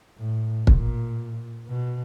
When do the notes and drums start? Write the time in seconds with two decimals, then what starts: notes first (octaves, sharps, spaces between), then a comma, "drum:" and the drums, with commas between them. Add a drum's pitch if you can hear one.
0.18 A2
0.67 A#2, drum: kick
1.67 B2